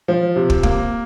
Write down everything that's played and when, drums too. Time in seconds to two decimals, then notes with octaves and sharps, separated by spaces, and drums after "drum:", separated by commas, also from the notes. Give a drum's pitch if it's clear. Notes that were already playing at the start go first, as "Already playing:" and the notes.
0.08 F3
0.36 C3
0.50 drum: kick
0.63 A#3, drum: kick